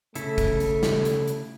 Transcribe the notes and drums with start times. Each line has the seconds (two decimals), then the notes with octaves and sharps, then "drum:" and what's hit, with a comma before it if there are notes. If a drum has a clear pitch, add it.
0.15 C#3 A3 E4 A4, drum: hi-hat
0.38 drum: kick, hi-hat
0.60 drum: hi-hat
0.83 drum: snare
1.05 drum: hi-hat
1.28 drum: hi-hat